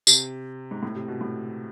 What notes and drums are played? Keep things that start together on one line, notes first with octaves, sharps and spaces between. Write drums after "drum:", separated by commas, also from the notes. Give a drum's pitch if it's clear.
C3, drum: tambourine
G#2
A2
C3
B2
A2